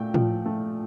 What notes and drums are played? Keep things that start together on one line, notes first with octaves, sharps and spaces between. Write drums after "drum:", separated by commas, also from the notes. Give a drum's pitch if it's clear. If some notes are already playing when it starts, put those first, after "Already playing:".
Already playing: A#2 A3 G5
F3, drum: tom A2
A3